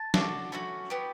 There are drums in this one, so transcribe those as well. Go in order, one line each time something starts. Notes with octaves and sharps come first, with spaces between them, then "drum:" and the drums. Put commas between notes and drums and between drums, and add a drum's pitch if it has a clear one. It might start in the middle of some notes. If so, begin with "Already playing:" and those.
Already playing: A5
D4 F#4 A4, drum: snare
A3 C#4 F#4 B5
B3 E4 G4